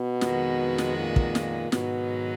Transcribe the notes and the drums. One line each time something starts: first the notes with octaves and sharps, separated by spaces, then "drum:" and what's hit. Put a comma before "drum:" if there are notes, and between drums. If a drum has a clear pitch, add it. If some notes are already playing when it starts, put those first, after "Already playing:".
Already playing: B2
F2 D#3 G#3 B3 F#4, drum: snare
drum: snare
A#2
drum: kick
drum: snare
G#2 B2 D#3 F#3 B3, drum: snare